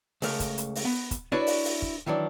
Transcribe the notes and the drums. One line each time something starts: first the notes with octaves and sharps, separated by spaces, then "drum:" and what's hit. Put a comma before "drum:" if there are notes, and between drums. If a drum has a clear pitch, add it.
C#2 A3 A#4, drum: open hi-hat
drum: kick, hi-hat
drum: hi-hat
drum: open hi-hat
B3
drum: kick, hi-hat
D4 E4 F#4 B4 C#5 D5
drum: open hi-hat
drum: open hi-hat
drum: kick
D#3 E3 F#3 D4